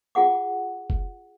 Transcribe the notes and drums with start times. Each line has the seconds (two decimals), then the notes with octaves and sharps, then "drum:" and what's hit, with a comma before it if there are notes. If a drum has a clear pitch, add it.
0.15 F4 G#4 F#5 D6
0.90 drum: kick F#1